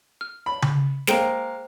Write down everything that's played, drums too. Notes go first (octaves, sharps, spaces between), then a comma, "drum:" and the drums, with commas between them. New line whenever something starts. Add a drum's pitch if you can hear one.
F6
B5
drum: tom C#3
G#3 A#3 C5 G5, drum: snare